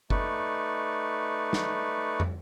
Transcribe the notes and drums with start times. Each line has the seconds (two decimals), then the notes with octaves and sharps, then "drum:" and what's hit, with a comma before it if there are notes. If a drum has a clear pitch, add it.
0.10 A3 D#4 B4 D5 C#6, drum: kick G1
1.53 drum: snare
2.20 drum: tom